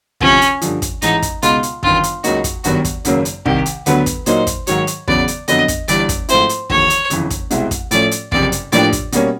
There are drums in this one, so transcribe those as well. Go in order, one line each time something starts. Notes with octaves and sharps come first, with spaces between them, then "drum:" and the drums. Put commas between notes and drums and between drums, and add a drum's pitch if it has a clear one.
D2 C3 F3 C#4, drum: kick
drum: hi-hat
G2 D3 F3, drum: hi-hat
drum: kick, hi-hat
A1 G#2 E3 G#3 D#4, drum: hi-hat
drum: kick, hi-hat
C#2 B2 G#3 B3 D#4 F4, drum: hi-hat
drum: hi-hat
G1 F#2 D#3 F4, drum: kick
drum: hi-hat
C#2 C#3 F#3 A#3 D#4 F#4, drum: hi-hat
drum: kick, hi-hat
G#1 G2 D#3 F#3 B3 F#4, drum: hi-hat
drum: kick, hi-hat
G#1 F#2 C#3 F#3 A#3, drum: hi-hat
drum: hi-hat
C2 C3 D#3 G4, drum: kick
drum: hi-hat
D2 D3 F#3 B3 B4, drum: hi-hat
drum: kick, hi-hat
A#2 F#3 A#3 D#4 C5, drum: hi-hat
drum: kick, hi-hat
G#2 D#3 F#3 C#5, drum: hi-hat
drum: hi-hat
E2 C#3 F#3 B3 D5, drum: kick
drum: hi-hat
F2 D3 F#3 B3 D4 D#5, drum: hi-hat
drum: kick, hi-hat
G1 G2 E3 G3 D5, drum: hi-hat
drum: kick, hi-hat
G#2 F3 A3 C4 E4 C5, drum: hi-hat
drum: hi-hat
E1 D#2 D3 F3 C#5, drum: kick
drum: hi-hat
G1 F2 C#3 E3, drum: hi-hat
drum: kick, hi-hat
C2 B2 G#3 C4 E4, drum: hi-hat
drum: kick, hi-hat
A2 F3 A3 C#4 D5, drum: hi-hat
drum: hi-hat
F#1 F2 C3 D5, drum: kick
drum: hi-hat
A2 F3 A#3 D4 G4 D5, drum: hi-hat
drum: kick, hi-hat
B2 G3 A#3 C#4, drum: hi-hat